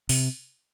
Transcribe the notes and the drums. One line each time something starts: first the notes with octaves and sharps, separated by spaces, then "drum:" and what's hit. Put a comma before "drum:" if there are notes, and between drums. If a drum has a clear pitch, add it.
C3, drum: open hi-hat